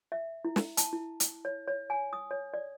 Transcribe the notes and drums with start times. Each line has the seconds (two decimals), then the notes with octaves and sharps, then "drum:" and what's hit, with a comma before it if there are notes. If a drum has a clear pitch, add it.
0.12 E5
0.45 E4
0.56 drum: snare
0.77 A5, drum: hi-hat
0.93 E4
1.20 drum: hi-hat
1.45 C#5
1.68 C#5
1.90 G#5
2.13 D#6
2.31 C#5
2.54 D5